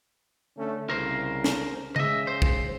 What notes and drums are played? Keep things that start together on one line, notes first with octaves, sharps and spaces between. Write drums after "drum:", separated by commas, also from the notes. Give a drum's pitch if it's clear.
D3 A3 C#4
C2 C#3 A#4 C5
drum: snare
C#3 G#4 D#5 E5, drum: tom C#3
C5
drum: kick